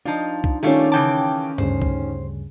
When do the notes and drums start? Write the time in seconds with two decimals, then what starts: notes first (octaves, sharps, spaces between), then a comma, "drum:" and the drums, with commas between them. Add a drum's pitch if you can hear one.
0.05 F3 D4 D#4 F4
0.44 drum: kick C2
0.63 D#3 G3 A3 C#4 F4
0.92 C#3 E3 G5 A5 D6
1.58 D2 G2 C#3 C5, drum: tom G#2
1.82 drum: kick C2